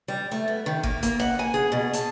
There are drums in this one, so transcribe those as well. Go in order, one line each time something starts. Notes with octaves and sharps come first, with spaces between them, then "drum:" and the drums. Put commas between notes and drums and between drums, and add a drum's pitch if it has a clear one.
G3
A3
B3
D#3
A#3, drum: kick G1
A#3, drum: hi-hat
F#5
G#5
G#4
B2
A5, drum: hi-hat